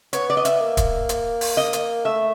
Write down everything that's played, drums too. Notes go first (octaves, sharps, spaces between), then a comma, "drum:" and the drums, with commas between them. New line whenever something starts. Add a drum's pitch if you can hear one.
B3 C#5, drum: hi-hat
D5
D#5
E5, drum: hi-hat
A#3
drum: kick, hi-hat
drum: hi-hat
drum: open hi-hat
D#5
drum: hi-hat
A3 E5